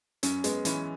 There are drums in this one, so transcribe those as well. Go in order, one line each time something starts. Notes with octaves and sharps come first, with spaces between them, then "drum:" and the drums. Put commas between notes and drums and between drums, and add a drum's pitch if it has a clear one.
F#2 C#4, drum: hi-hat
G#3 B3, drum: hi-hat
E3 C#4, drum: hi-hat